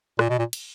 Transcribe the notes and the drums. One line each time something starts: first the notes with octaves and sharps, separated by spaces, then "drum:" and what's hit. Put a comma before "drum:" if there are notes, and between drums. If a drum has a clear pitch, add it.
A#2, drum: rim click
B2
A#2
drum: cymbal